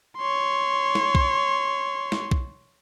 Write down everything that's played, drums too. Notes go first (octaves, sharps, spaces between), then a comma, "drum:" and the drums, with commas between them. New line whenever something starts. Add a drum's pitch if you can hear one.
C#5 C6
drum: snare
drum: kick B1
drum: snare
drum: kick B1